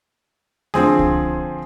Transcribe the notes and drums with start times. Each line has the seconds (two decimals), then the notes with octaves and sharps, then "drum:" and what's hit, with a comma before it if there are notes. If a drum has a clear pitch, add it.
0.74 D3 F3 C4 G#4, drum: snare A#3
0.99 drum: kick C2